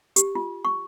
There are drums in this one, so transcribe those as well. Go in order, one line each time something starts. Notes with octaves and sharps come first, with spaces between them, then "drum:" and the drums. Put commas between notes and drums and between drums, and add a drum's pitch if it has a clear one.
G4, drum: hi-hat
F4
C#6